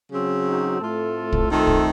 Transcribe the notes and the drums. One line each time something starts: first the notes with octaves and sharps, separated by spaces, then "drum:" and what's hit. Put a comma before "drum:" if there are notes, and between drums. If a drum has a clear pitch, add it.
C#3 F#3 C4
D#4 F#4
A2 A3 C4 F4 A4
drum: kick
D#3 A3 C4 F4 A4
drum: kick